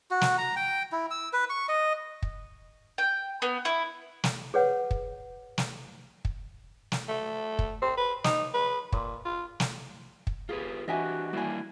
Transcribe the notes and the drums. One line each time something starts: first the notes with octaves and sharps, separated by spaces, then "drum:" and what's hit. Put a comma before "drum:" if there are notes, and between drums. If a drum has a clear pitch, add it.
F#4
drum: snare
A#5
G5
E4
E6
B4
C#6
D#5
drum: kick
G5
B3
E4
drum: snare
G#4 B4 C#5 F#5
drum: kick
drum: snare
drum: kick
drum: snare
A3
drum: kick
C4
B4
D#4, drum: snare
B4
A#2, drum: kick
F4
drum: snare
drum: kick
F4 G4 G#4 B4
E3 D4 F#4 G4 D#5 E5 G#5
G3 A#3 D4 E4 G#5